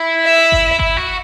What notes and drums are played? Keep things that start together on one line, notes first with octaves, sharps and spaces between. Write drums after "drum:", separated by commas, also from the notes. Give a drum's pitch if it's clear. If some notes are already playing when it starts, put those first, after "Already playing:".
Already playing: E4
E5
drum: kick G1
E4, drum: kick G1
F#4